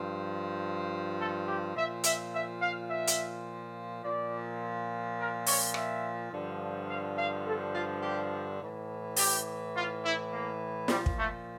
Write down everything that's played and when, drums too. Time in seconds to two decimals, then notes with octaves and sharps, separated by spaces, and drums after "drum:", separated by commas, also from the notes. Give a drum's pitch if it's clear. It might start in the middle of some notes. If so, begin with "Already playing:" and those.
Already playing: G2 F3
1.18 A4
1.46 G4
1.75 A#2 F3 E5
2.04 E5, drum: hi-hat
2.31 E5
2.61 F5
2.89 E5
3.07 drum: hi-hat
4.03 A#2 F3 D5
5.18 A#4
5.46 C#5, drum: open hi-hat
5.74 E5, drum: rim click
6.31 G2 D3 F3
6.89 F5
7.18 F5
7.46 A4
7.74 F4
8.03 G4
8.60 A2 E3
9.16 G4, drum: open hi-hat
9.74 F4
10.02 E4
10.32 A#3
10.88 A#2 F3 G3, drum: snare
11.06 drum: kick
11.16 A3